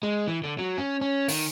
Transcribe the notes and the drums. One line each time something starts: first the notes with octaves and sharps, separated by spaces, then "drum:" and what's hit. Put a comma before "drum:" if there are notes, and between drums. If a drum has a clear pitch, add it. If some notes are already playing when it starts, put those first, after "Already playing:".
G#3
E3
D3
F#3
C#4
C#4
D#3, drum: open hi-hat